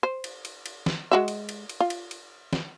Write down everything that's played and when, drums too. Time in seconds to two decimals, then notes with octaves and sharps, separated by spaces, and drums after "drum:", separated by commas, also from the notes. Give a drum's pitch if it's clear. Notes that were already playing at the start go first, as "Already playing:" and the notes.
0.03 C5
0.24 drum: cymbal
0.45 drum: cymbal
0.66 drum: cymbal
0.86 drum: snare
1.11 G#3 F#4 E5
1.28 drum: cymbal
1.49 drum: cymbal
1.69 drum: cymbal
1.80 F4
1.90 drum: cymbal
2.11 drum: cymbal
2.53 drum: snare